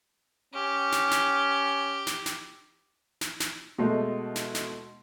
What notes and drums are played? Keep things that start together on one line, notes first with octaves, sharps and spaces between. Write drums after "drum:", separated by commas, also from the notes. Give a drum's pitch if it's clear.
C#4 G4
drum: snare
drum: snare
drum: snare
drum: snare
drum: snare
drum: snare
B2 G#3 A3
drum: snare
drum: snare